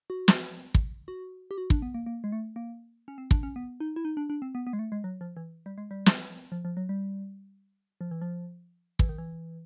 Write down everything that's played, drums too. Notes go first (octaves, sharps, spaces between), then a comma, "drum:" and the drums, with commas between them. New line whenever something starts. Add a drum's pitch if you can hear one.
F#4
drum: snare
drum: kick
F#4
G4
F#4
D4, drum: kick
B3
A#3
A#3
G#3
A3
A#3
C#4
C4
D4, drum: kick
C#4
B3
D#4
E4
D#4
D4
D4
C4
B3
B3
G#3
A3
G#3
F#3
F3
E3
G3
G#3
G3
drum: snare
F3
F3
F#3
G3
F3
E3
F3
E3, drum: kick
D#3
E3